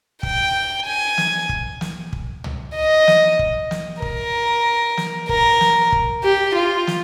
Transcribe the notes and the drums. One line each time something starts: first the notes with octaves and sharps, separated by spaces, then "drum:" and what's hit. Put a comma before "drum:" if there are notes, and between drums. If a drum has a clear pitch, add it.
G5, drum: kick
G#5
drum: snare
drum: kick
drum: snare
drum: kick
drum: tom
D#5
drum: snare
drum: kick
drum: snare
A#4, drum: kick
drum: snare
A#4, drum: kick
drum: snare
drum: kick
G4
F4
drum: snare